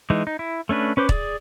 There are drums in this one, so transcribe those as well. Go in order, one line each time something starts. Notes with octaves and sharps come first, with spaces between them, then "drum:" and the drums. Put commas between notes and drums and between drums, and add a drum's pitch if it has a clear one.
E3 G#3 D#4
D#4
E4
A3 C#4 D4 B4
C#4 B4 C5 D6
G#4 D5, drum: kick